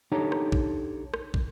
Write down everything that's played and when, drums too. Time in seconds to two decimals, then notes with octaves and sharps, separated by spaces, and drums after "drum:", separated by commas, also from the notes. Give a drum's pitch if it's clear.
0.12 D4 D#4 G4 A4 C#5 A#5
0.32 drum: rim click
0.52 drum: kick
1.14 drum: rim click
1.34 drum: kick